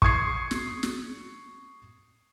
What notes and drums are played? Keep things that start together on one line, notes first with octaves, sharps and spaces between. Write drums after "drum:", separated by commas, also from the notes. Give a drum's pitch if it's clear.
C#6 D#6 G#6 C7, drum: kick
drum: snare
drum: snare